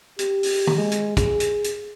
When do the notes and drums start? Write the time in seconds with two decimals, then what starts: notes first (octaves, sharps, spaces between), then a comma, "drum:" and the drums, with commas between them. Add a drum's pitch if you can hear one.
0.19 G4, drum: hi-hat
0.43 drum: open hi-hat
0.67 drum: tom
0.77 G#3
0.91 drum: hi-hat
1.17 G#4, drum: kick, hi-hat
1.40 drum: hi-hat
1.64 drum: hi-hat